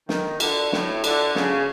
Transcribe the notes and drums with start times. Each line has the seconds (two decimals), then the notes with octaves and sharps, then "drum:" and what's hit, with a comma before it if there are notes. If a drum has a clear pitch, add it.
0.09 D#3, drum: snare
0.40 D3, drum: cymbal
0.72 A2, drum: snare
1.04 D3, drum: cymbal
1.35 C#3, drum: snare